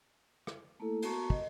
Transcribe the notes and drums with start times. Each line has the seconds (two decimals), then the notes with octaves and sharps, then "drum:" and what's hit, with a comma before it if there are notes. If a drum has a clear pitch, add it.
0.47 drum: rim click
0.80 A3 A#3 E4 A4
1.02 B3 F#4 A5 A#5 C#6, drum: cymbal
1.30 D#5, drum: kick